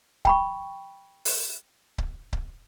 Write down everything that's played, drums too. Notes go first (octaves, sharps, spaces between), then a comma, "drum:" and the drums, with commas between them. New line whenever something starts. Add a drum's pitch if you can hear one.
G5 B5 C#6, drum: kick C#1
drum: open hi-hat
drum: kick C#1
drum: kick C#1